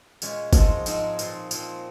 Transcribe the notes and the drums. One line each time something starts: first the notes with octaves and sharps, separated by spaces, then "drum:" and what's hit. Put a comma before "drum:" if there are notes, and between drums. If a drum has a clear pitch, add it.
A#2 G#3 C#4, drum: tambourine
G#2 F3 G#3 C4 D#4, drum: kick, tambourine
G#2 F3 G#3 C4 D#4, drum: tambourine
A#2 F3 C4, drum: tambourine
A#2 F3 C4, drum: tambourine